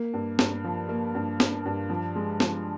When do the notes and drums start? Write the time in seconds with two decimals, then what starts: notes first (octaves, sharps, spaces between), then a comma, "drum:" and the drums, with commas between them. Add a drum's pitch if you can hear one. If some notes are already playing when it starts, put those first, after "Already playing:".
Already playing: A#3
0.13 G2
0.39 G2, drum: snare
0.64 F3
0.89 A#3
1.15 G2
1.40 G2, drum: snare
1.66 G2
1.90 F3
2.16 G#3
2.40 F3, drum: snare